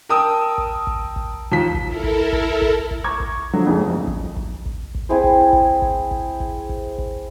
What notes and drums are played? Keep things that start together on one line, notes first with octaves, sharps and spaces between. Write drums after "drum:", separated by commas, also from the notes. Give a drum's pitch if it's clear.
A#4 G5 A5 D#6 E6
drum: kick
drum: kick
drum: kick
D#2 F4 B6
drum: kick
E4 A4 A#4
drum: kick
drum: kick
drum: kick
drum: kick
A#5 C#6 D6 G#6
drum: kick
D3 F3 F#3
F#1 F2 G#2 C#3
B1 F2
drum: kick
drum: kick
drum: kick
drum: kick
C4 E4 G#4 C5
drum: kick
drum: kick
drum: kick
drum: kick
drum: kick
drum: kick
drum: kick